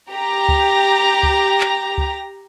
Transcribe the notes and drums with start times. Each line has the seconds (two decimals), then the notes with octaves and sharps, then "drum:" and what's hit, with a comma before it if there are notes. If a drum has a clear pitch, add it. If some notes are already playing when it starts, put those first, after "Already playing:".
0.11 G4 A#5
0.49 drum: kick C#2
1.23 drum: kick C#2
1.60 drum: clap
1.98 drum: kick C#2